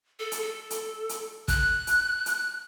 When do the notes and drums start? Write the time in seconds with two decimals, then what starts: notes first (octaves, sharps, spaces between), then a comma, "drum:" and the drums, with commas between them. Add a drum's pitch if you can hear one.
0.19 A4
0.32 drum: hi-hat
0.41 A4
0.70 drum: hi-hat
1.09 drum: hi-hat
1.48 F#6, drum: kick, hi-hat
1.87 drum: hi-hat
2.26 drum: hi-hat